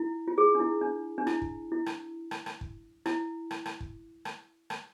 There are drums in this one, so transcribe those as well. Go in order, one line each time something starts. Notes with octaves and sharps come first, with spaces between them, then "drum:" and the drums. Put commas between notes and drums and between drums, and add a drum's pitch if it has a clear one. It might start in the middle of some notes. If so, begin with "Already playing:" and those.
Already playing: E4
F4
G#4
D4
E4
D4
D4
E4, drum: rim click
drum: kick
E4
drum: rim click
drum: rim click
drum: rim click
drum: kick
E4, drum: rim click
drum: rim click
drum: rim click
drum: kick
drum: rim click
drum: rim click